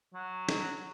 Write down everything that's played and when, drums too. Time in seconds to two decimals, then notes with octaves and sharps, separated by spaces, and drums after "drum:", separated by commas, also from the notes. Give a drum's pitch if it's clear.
0.14 F#3
0.49 drum: snare